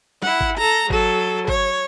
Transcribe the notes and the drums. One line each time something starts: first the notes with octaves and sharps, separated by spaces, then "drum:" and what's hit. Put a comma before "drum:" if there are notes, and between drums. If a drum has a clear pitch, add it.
E4 F#5, drum: snare
drum: kick G1
A4 A#5
F#3 A4, drum: kick G1
C#5, drum: kick G1